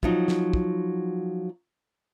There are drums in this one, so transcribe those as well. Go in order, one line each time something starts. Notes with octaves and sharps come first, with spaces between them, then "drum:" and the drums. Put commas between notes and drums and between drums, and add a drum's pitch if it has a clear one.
F3 F#3 D#4, drum: kick
drum: snare
drum: kick